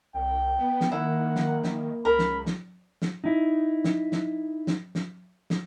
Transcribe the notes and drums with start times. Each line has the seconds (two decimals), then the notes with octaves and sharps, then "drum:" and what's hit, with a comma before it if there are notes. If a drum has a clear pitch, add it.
0.14 C2 G5
0.59 B3
0.81 drum: snare
0.92 D#3 A#3 E4 F#5
1.36 drum: snare
1.64 drum: snare
2.05 C#2 A#4 B5
2.19 drum: snare
2.46 drum: snare
3.02 drum: snare
3.24 D#4 E4
3.84 drum: snare
4.12 drum: snare
4.67 drum: snare
4.95 drum: snare
5.50 drum: snare